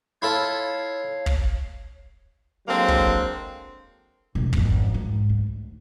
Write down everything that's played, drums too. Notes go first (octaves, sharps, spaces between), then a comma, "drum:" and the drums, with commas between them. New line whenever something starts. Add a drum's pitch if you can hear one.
E4 F4 A4 C#5 F5
drum: kick
D3 F#3 G#3 A#3 C4
drum: kick
E1 A#1
G#1 F2, drum: kick
G#2
D2